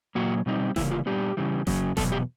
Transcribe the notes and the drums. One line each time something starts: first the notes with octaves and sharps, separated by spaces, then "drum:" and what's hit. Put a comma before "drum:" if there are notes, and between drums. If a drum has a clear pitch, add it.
A#2 F#3 A#3 F#4
B2 G3 C4 D#4
C#3 E3 G3 A#3 E4, drum: snare E1
F4
A#2 G3 B3 D4 G4
C#3 E3 G3
F#2 C#3 F#3 A#3, drum: snare E1
E2 B2 F#3 B3 A4, drum: snare E1
G4